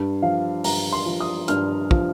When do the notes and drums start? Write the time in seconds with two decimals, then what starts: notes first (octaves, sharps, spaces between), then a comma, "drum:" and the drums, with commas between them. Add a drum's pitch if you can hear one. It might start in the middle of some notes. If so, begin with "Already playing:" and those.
Already playing: G2
0.23 F3 F5
0.64 G2 A#5, drum: open hi-hat
0.93 C6
1.06 F3
1.20 D#6
1.48 G2 F6, drum: hi-hat
1.91 F3, drum: kick